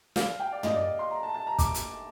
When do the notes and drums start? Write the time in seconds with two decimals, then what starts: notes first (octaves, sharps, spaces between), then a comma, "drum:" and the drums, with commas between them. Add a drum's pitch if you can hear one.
0.16 F5, drum: snare
0.40 G5
0.52 D5
0.63 D#5, drum: tom
0.76 D5
0.99 C6
1.11 A#5
1.23 A5
1.34 A5
1.47 A#5
1.58 D6, drum: kick, hi-hat
1.74 drum: hi-hat